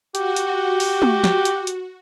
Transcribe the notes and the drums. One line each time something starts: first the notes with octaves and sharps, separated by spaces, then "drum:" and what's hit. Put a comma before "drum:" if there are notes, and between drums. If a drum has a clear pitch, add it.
F#4 G4, drum: hi-hat
drum: hi-hat
drum: open hi-hat
drum: tom
drum: snare
drum: hi-hat
drum: hi-hat